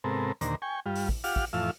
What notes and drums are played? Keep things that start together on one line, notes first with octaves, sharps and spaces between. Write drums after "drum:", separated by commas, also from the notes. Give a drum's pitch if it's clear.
G#2 C3 B3 C4 A4 A#4
D#2 A#2 D3 C5 A#5, drum: hi-hat
G5 G#5 C#6
G2 G3 F4
drum: open hi-hat
drum: kick
F4 G4 F5 F#5 D6 F6, drum: open hi-hat
drum: kick
F2 A2 E3 F4 F5 E6